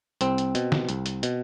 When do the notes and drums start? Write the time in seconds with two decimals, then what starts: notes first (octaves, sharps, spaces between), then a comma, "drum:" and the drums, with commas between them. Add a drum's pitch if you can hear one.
0.21 C2 C4, drum: hi-hat
0.38 drum: hi-hat
0.55 B2, drum: hi-hat
0.72 drum: snare
0.89 C2, drum: hi-hat
1.06 drum: hi-hat
1.23 B2, drum: hi-hat